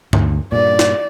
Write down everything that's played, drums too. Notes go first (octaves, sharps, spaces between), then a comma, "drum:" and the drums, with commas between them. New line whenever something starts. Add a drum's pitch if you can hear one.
D2, drum: tom G2
G2 A#2 D5
drum: snare